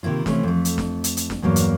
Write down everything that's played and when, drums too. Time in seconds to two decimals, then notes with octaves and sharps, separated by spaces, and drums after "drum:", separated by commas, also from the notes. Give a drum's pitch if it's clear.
0.03 C3 D#3 A#3 E4 F4
0.26 C3 E3 A3 C#4 F4, drum: snare
0.43 F2 A3
0.65 drum: hi-hat
0.78 drum: snare
1.04 drum: hi-hat
1.17 drum: hi-hat
1.30 drum: snare
1.42 E2 G2 F#3 A#3
1.56 drum: hi-hat